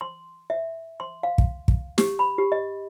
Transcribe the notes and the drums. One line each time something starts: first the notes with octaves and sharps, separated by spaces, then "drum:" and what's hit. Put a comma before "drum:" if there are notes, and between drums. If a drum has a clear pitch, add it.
C6
E5
C6
F5
drum: kick
drum: kick
G4, drum: snare
B5
G4
D#5